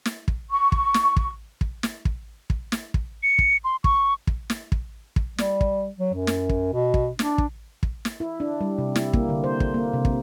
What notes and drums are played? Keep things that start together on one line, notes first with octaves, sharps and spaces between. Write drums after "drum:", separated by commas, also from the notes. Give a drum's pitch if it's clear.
drum: snare
drum: kick
C#6
drum: kick
drum: snare
drum: kick
drum: kick
drum: snare
drum: kick
drum: kick
drum: snare
drum: kick
C#7
drum: kick
C6
C#6, drum: kick
drum: kick
drum: snare
drum: kick
drum: kick
G3, drum: snare
drum: kick
F#3
F#2
drum: snare
drum: kick
B2
drum: kick
D4, drum: snare
drum: kick
drum: kick
drum: snare
E4
D4
G3
C3
E4, drum: snare
A#3, drum: kick
D3
C5
drum: kick
A#3
C3
drum: kick